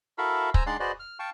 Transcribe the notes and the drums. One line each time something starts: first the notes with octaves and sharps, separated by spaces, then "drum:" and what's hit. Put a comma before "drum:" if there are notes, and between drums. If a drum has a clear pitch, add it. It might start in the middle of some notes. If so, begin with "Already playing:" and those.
E4 F#4 A4 A#4 E5 F5
C5 G#5 A#5 E6, drum: kick
G#3 D4 D#4 D5 F#5 C6
F#4 G#4 B4 C5 D5 D#5
F6
F5 G5 A5 C#6